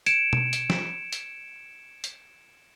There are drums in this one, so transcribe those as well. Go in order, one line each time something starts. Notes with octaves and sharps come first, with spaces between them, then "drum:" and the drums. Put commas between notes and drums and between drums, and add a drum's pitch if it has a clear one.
G#6 C#7 D7 E7, drum: hi-hat
drum: tom B2
drum: hi-hat
drum: snare
drum: hi-hat
drum: hi-hat